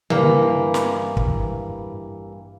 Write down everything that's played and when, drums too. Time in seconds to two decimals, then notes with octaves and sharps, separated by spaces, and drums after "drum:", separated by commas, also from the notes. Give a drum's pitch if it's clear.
0.10 G2 E3 A#3, drum: tom C#3
0.74 drum: snare
1.17 drum: kick